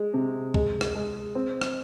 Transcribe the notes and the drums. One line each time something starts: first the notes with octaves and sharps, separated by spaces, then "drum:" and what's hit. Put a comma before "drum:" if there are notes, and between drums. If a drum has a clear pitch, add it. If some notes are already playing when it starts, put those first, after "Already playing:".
Already playing: G#3
C3
G#3, drum: kick
drum: rim click
G#3
C4
drum: rim click